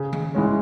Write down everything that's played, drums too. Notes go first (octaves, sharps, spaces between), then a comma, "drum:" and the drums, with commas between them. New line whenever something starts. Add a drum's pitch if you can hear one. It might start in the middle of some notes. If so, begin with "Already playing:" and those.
Already playing: C#3
drum: tom D#3
E3 G#3 C#4